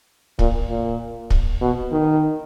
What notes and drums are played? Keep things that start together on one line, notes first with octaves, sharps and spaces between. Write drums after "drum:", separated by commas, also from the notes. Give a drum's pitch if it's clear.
A#2, drum: kick
A#2
drum: kick
B2
D#3